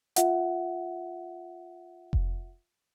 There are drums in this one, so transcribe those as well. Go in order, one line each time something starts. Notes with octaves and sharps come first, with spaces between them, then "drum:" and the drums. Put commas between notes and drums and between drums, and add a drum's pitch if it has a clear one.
F4 E5 F#5, drum: hi-hat
drum: kick F1